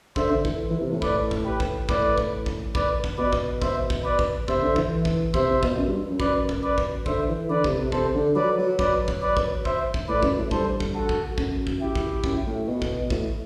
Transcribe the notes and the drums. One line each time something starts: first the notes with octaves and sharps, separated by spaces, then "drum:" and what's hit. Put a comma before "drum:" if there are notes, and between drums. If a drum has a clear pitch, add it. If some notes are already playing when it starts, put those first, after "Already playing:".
D3 C5 E5, drum: kick
D3
E3, drum: kick
E3
C3
A2
B4 D5, drum: kick
drum: kick
G4 B4
drum: kick
A2 B4 D5, drum: kick
drum: kick
drum: kick
B4 D5, drum: kick
drum: kick
B2 B4 D5
drum: kick
C5 E5, drum: kick
drum: kick
B4 D5
drum: kick
C3 C5 E5, drum: kick
D3
E3, drum: kick
drum: kick
C3 C5 E5, drum: kick
C3
B2, drum: kick
F#2
G2
F#2
F#2 B4 D5, drum: kick
drum: kick
B4 D5
drum: kick
D3 C5 E5, drum: kick
E3
D3 B4 D5
C3, drum: kick
C3
C3 A4 C5, drum: kick
D3
F#3 B4 D5
F#3
F#3 B4 D5, drum: kick
drum: kick
B4 D5
drum: kick
C5 E5, drum: kick
drum: kick
A2 B4 D5
F#2, drum: kick
A2
G2 A4 C5, drum: kick
drum: kick
F#4 A4
drum: kick
F#2, drum: kick
drum: kick
E4 G4
drum: kick
F#2, drum: kick
A2
B2
drum: kick
A2, drum: kick